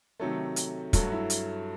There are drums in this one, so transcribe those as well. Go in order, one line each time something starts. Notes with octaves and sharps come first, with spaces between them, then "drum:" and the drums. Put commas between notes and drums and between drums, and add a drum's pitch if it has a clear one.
C3 D#3 F#3 A3 A4
drum: hi-hat
G2 F#3 A3 F#4, drum: kick, hi-hat
E4
drum: hi-hat